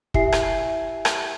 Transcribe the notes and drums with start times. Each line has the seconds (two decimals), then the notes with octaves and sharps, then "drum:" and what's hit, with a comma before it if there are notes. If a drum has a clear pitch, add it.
0.14 E4 G4 E5 G#5 C7, drum: kick
0.32 drum: rim click
1.05 drum: rim click